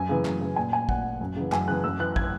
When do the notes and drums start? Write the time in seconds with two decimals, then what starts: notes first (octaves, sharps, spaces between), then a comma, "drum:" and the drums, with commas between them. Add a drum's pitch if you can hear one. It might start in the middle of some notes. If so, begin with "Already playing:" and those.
Already playing: F#2 G#5
0.09 C#3 E3
0.25 F#2, drum: clap
0.40 C#3 E3
0.56 A#2 G#5
0.73 G#5
0.89 A#2 F#5, drum: kick
1.21 F#2
1.36 C#3 E3
1.52 F#2 G#5, drum: clap
1.68 C#3 E3 F#6
1.84 F#2 E6
2.00 E3 F#6
2.16 G#6, drum: kick